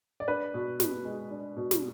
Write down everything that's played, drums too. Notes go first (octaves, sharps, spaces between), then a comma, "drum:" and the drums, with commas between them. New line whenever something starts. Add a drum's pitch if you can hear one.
D5
D4 B4
B2
B2, drum: snare
G#3
D4
B2
drum: snare